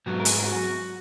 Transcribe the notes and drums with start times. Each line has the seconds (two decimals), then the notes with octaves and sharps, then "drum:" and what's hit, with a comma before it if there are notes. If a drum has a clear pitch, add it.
0.06 G#2 F#3 B3 F#4
0.20 A#4
0.25 G#4, drum: hi-hat
0.43 F#4